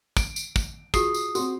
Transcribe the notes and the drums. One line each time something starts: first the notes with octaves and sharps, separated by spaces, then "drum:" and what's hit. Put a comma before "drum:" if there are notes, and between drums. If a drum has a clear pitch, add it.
D7, drum: kick, tambourine
drum: tambourine
drum: kick, tambourine
F4 F#4 G#4 D#6 C7, drum: kick, tambourine
drum: tambourine
C4 F#4 C6, drum: tambourine